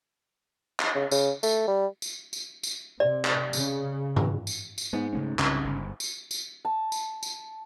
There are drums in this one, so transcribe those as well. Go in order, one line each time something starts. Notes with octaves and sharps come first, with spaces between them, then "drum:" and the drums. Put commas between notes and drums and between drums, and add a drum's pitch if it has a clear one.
drum: clap
C#3
C#3, drum: tambourine
A3, drum: tambourine
G3
drum: tambourine
drum: tambourine
drum: tambourine
C3 D5
drum: clap
C#3, drum: tambourine
drum: tom
drum: tambourine
drum: tambourine
G#2 B3
C#3 A3 C#4
C2 C#3 C#4, drum: clap
G1
drum: tambourine
drum: tambourine
A5
drum: tambourine
drum: tambourine